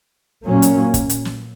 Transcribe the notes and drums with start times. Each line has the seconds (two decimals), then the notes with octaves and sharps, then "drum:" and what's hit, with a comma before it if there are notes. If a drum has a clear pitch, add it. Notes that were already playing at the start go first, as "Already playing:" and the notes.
0.46 A#2 F#3 A#3 C#4
0.62 drum: hi-hat
0.94 drum: kick, hi-hat
1.09 drum: hi-hat
1.25 drum: snare